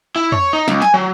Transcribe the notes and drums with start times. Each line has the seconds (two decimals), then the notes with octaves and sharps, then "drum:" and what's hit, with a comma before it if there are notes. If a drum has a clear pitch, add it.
0.16 E4
0.32 C#5, drum: tom
0.53 D#4
0.68 C#2, drum: snare
0.82 G#5, drum: snare
0.94 F#3